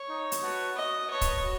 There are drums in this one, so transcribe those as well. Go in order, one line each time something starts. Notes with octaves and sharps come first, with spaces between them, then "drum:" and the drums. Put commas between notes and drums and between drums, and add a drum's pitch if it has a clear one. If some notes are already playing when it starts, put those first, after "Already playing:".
Already playing: C#5
D#4
drum: hi-hat
F#4 B4 F#5 A5
F#4 D#5
B4 C#5 D#5 A5
drum: kick, hi-hat
F#4